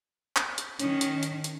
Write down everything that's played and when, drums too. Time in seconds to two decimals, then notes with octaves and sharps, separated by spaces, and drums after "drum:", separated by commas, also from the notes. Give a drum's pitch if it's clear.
0.36 drum: clap
0.58 drum: hi-hat
0.80 D#3 C#4, drum: hi-hat
1.01 drum: hi-hat
1.23 drum: hi-hat
1.44 drum: hi-hat